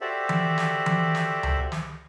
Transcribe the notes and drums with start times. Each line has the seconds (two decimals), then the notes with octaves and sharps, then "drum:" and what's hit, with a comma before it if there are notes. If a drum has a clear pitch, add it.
0.01 F#4 G4 A4 C5 D5 E5
0.29 drum: tom E3
0.58 drum: snare
0.86 drum: tom E3
1.15 drum: snare
1.43 drum: tom C#2
1.72 drum: snare